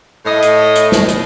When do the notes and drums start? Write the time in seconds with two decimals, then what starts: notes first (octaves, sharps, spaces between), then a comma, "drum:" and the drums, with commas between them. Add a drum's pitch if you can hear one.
0.26 A2 A3 D#5
0.42 drum: hi-hat
0.75 drum: hi-hat
0.92 drum: snare
1.09 drum: hi-hat